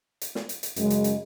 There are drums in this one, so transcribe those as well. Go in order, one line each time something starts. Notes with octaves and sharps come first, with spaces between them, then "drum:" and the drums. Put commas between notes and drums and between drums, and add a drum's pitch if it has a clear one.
drum: hi-hat
drum: snare
drum: hi-hat
drum: hi-hat
F#2 C#3 G#3, drum: hi-hat
drum: hi-hat
drum: hi-hat